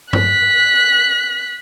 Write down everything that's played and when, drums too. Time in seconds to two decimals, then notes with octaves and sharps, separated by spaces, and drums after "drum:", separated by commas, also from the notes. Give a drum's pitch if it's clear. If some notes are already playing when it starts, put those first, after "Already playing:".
0.13 F#6 B6, drum: tom G2